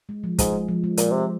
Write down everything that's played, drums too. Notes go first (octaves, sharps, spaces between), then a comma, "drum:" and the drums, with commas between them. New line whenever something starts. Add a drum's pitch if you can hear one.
G#3
F3
G#2 G#3, drum: kick, hi-hat
G#3
F3
G#3
A#2 G#3, drum: hi-hat
C3